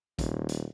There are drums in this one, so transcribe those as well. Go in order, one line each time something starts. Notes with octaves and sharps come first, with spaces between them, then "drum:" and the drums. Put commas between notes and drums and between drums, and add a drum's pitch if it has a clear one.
D#1, drum: kick, hi-hat
drum: hi-hat